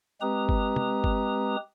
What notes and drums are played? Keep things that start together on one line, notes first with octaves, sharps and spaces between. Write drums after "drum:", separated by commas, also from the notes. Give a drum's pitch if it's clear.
G#3 C4 G4 B4 A#5 D#6
drum: kick G1
drum: tom
drum: kick G1